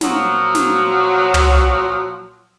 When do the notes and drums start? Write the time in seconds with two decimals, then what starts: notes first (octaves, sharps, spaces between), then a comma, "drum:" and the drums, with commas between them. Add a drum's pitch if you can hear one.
0.01 A#2 F3 F#3, drum: snare
0.55 drum: snare
1.34 drum: tom